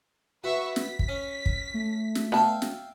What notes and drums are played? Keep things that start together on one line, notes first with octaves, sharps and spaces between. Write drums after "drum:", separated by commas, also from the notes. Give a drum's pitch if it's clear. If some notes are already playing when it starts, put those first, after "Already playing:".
F#4 B4 E5 C#6
B6, drum: snare
drum: kick
C#4
drum: kick
A3
drum: snare
B3 D4 E5 F5 G5 A5
drum: snare